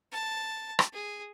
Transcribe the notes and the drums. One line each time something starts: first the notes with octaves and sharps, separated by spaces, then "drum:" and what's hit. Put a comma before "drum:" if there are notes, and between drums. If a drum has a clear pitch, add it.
A5
drum: rim click
G#4